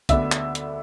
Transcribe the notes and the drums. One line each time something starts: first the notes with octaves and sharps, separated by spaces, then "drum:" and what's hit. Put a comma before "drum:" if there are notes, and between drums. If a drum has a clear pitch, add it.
D2 D3 B3 D4 E5, drum: kick, hi-hat
drum: clap
drum: hi-hat